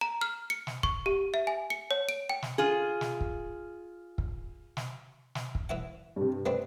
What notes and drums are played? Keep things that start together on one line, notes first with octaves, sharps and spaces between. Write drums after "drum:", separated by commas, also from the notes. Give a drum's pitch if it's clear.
A#5
F6
C#7
drum: snare
C#6, drum: kick
G4
E5
G#5
C#7
C#5
D7
G5
drum: snare
F4 G#4
drum: snare
drum: kick
drum: kick
drum: snare
drum: snare
drum: kick
E3 E4 F#5
G2 C3
A3 C4 D4 B4